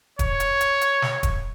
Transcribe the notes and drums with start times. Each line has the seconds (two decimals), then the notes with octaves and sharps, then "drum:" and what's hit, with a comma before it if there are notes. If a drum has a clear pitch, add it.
0.19 C#5, drum: kick, hi-hat
0.40 drum: hi-hat
0.61 drum: hi-hat
0.81 drum: hi-hat
1.02 drum: snare
1.23 drum: kick, hi-hat